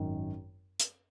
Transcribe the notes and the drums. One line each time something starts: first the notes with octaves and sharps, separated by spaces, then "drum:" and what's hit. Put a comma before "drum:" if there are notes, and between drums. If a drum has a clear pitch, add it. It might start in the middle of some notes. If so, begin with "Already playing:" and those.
Already playing: G#1 F#2 D#3
drum: hi-hat